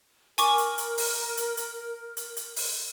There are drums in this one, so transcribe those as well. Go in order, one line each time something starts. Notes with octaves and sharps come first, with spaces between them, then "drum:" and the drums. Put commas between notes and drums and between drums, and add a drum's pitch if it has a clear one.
A#4 G#5 C#6 D6, drum: hi-hat
drum: hi-hat
drum: hi-hat
drum: open hi-hat
drum: hi-hat
drum: hi-hat
drum: hi-hat
drum: hi-hat
drum: open hi-hat